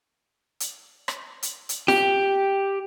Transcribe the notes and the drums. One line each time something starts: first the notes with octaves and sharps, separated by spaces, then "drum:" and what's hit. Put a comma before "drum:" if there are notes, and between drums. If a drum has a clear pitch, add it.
drum: hi-hat
drum: rim click
drum: hi-hat
drum: hi-hat
G4, drum: snare F4